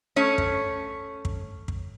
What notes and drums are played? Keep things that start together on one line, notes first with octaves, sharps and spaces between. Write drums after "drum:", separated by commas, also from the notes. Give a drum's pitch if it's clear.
A3 C#4 C#5
drum: kick
drum: kick
drum: kick